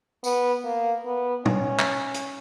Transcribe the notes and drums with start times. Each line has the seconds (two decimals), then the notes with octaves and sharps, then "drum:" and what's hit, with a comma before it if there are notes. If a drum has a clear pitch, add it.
0.24 B3, drum: tambourine
0.64 A#3
1.05 B3
1.45 C#4, drum: tom
1.79 drum: clap
2.14 drum: hi-hat